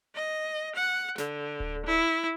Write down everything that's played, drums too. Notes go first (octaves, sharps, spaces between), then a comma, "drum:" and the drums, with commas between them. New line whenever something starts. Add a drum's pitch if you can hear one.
D#5
F#5
D3, drum: snare
drum: kick D1
E4